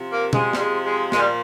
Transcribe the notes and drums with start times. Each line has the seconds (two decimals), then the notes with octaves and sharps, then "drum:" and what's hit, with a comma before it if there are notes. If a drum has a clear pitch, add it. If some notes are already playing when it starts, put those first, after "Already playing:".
Already playing: C3 F3
0.13 A#3
0.33 C3 F3 G#3, drum: tom B2
0.53 G3, drum: snare
0.60 G#3
0.86 G#3
1.12 A#2 F3 G#3, drum: snare
1.19 G3